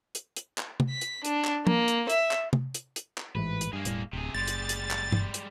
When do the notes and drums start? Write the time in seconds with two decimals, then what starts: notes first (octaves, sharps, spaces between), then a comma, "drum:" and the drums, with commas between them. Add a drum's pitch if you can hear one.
0.15 drum: hi-hat
0.36 drum: hi-hat
0.58 drum: clap
0.80 drum: tom C3
0.90 B6
1.01 drum: hi-hat
1.25 D4, drum: hi-hat
1.45 drum: clap
1.67 A#3, drum: tom
1.88 drum: hi-hat
2.10 E5, drum: hi-hat
2.31 drum: clap
2.53 drum: tom C3
2.74 drum: hi-hat
2.96 drum: hi-hat
3.18 drum: clap
3.35 A1 G#2 E3 B4
3.61 drum: hi-hat
3.73 G2 A#3 G#4
3.85 E1 A2 G3, drum: hi-hat
4.13 D1 C3 G#4
4.34 F#1 G3 G#3 A6
4.48 drum: hi-hat
4.69 drum: hi-hat
4.91 drum: clap
5.12 drum: tom G2
5.34 drum: hi-hat